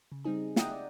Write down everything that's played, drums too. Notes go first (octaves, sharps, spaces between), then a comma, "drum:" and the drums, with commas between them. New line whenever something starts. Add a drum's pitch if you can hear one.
C#3
G3 C4 D#4 G#4
D#5 E5 F#5 G5 A#5 D#6, drum: snare
D5